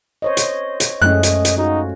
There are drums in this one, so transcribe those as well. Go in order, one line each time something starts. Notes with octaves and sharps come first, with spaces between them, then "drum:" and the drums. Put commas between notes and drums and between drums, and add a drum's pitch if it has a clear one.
C5 C#5 D#5
drum: hi-hat
drum: hi-hat
F#2 G#3 A3 C#4 D#5 F#6
drum: hi-hat
drum: hi-hat
D#4 F4 F#4